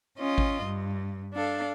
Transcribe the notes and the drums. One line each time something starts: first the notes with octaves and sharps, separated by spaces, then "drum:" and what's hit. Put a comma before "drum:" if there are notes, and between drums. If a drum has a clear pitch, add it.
C#4 F4 D#5
drum: kick G#1
G2
D4 A4 F5